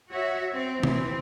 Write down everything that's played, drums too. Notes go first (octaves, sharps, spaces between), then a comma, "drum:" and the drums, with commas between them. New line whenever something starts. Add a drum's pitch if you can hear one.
F#4 C#5 E5
C4
E3 C4, drum: tom C3